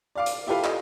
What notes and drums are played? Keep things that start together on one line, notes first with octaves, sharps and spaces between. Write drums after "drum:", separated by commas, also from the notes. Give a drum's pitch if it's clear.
D5 F5 D6
drum: hi-hat
E4 F4 G4 A4 B4 F5
D#5, drum: clap